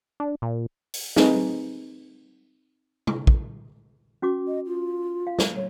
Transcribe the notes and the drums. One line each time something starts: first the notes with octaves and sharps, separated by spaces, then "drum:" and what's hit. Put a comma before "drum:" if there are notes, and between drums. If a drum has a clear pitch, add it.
D4
A#2
drum: open hi-hat
C4 D#4 G#4 B4, drum: snare
drum: tom C3
drum: kick
C#4 F#4 D6
D#5
F4
F5
drum: snare
C#5